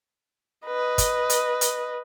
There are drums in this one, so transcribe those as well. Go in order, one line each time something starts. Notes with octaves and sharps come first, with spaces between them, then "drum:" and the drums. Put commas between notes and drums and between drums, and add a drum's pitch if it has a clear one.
B4 D#5
drum: kick, hi-hat
drum: hi-hat
drum: hi-hat